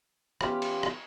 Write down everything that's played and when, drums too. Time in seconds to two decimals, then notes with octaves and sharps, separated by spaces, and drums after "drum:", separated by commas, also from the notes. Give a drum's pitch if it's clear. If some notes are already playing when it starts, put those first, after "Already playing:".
0.41 E2 C#4 F4 G4 B4, drum: rim click
0.62 drum: cymbal
0.83 drum: rim click